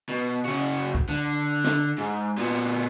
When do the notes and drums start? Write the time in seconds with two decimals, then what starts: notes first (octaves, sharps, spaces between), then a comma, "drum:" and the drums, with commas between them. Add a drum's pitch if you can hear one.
0.09 B2
0.45 C#3 F#4
0.95 drum: kick
1.09 D3
1.65 drum: snare
1.98 G#2
2.38 A#2 B3